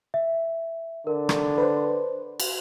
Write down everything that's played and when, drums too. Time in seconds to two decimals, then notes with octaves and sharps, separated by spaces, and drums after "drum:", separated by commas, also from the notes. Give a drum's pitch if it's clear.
0.14 E5
1.07 D3 A#4
1.29 drum: rim click
1.58 B4 C5
2.40 drum: cymbal